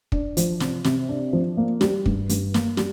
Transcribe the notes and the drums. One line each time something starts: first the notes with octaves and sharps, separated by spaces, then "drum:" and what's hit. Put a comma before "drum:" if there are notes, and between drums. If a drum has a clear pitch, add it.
D4, drum: kick
F3, drum: hi-hat
C3, drum: snare
C3, drum: snare
D4
F3
A#3
G3, drum: snare
G2, drum: kick
G2, drum: hi-hat
A#3, drum: snare
G3, drum: snare